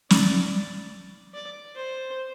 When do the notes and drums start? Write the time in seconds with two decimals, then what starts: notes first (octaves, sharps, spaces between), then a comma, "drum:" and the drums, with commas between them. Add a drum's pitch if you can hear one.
0.10 D5, drum: snare
1.34 D5
1.75 C5